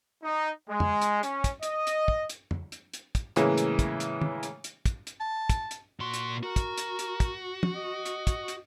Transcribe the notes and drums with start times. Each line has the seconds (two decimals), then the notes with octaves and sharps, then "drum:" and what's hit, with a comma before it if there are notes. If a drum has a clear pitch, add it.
0.23 D#4
0.69 G#3
0.80 drum: tom
1.01 drum: hi-hat
1.23 C#4, drum: hi-hat
1.44 drum: kick, hi-hat
1.63 D#5, drum: hi-hat
1.87 drum: hi-hat
2.08 drum: kick
2.30 drum: hi-hat
2.51 drum: tom
2.72 drum: hi-hat
2.94 drum: hi-hat
3.15 drum: kick, hi-hat
3.36 A2 C#3 E3 G#3 A#3, drum: hi-hat
3.58 drum: hi-hat
3.79 drum: kick, hi-hat
4.00 drum: hi-hat
4.22 drum: tom
4.43 drum: hi-hat
4.64 drum: hi-hat
4.86 drum: kick, hi-hat
5.07 drum: hi-hat
5.20 A5
5.50 drum: kick, hi-hat
5.71 drum: hi-hat
6.00 A#2 F#4 C6
6.14 drum: hi-hat
6.43 F#4 A#4
6.56 drum: kick, hi-hat
6.78 drum: hi-hat
6.99 drum: hi-hat
7.20 drum: kick, hi-hat
7.63 drum: tom
7.76 D#5
8.06 drum: hi-hat
8.27 drum: kick, hi-hat
8.48 drum: hi-hat